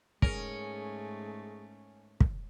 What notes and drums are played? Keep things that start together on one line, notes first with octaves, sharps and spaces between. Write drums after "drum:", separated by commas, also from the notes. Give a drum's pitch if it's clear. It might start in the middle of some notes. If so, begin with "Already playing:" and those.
G#2 A3 C#4 G#4 A#4, drum: kick
drum: kick